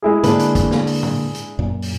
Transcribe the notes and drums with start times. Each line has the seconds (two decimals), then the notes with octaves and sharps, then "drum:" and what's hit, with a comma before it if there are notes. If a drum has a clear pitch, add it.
0.02 G#3 E4 G#4
0.23 D3 A#3 D4 B4, drum: hi-hat
0.39 drum: hi-hat
0.55 drum: kick, hi-hat
0.71 drum: snare
0.87 drum: open hi-hat
1.03 drum: tom A#2
1.35 drum: hi-hat
1.59 F#2 A#2
1.82 drum: open hi-hat